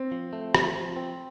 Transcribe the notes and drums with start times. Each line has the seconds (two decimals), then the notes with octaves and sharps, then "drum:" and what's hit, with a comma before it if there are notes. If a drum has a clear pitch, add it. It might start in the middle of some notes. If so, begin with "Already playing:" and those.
Already playing: C4
0.12 F3
0.33 A3
0.55 F3, drum: rim click
0.76 F3
0.96 C4